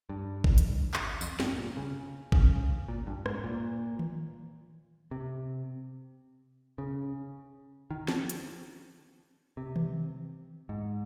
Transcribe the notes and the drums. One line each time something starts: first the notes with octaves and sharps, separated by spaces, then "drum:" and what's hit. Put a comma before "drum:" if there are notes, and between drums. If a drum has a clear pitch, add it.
G2
drum: kick G#1
drum: hi-hat
drum: clap
F2, drum: tambourine
G2, drum: snare
A#2
C#3
C#3, drum: kick G#1
A#2
G2
G#2, drum: rim click
A#2
drum: tom D#3
C3
C#3
D#3
F3, drum: snare
drum: hi-hat
C3
drum: tom D#3
G#2